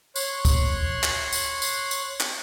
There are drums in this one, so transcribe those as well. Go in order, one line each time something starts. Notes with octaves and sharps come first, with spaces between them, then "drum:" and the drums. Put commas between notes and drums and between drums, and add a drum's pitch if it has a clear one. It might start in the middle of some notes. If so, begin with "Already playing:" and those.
C#5 C6 F#6, drum: tambourine
drum: kick, tambourine
drum: clap
drum: tambourine
drum: tambourine
drum: tambourine
drum: clap